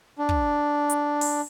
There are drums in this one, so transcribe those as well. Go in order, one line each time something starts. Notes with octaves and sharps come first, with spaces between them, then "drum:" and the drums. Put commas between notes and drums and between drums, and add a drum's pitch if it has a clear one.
D4
drum: kick
drum: hi-hat
drum: open hi-hat